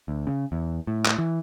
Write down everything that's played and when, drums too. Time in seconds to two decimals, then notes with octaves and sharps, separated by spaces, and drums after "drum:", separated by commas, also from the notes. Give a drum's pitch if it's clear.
0.08 D2
0.27 C#3
0.52 E2
0.87 A2
1.06 drum: clap
1.18 E3